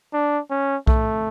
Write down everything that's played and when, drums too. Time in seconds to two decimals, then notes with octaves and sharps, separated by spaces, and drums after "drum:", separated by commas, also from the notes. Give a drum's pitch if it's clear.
0.13 D4
0.50 C#4
0.87 A3, drum: kick B1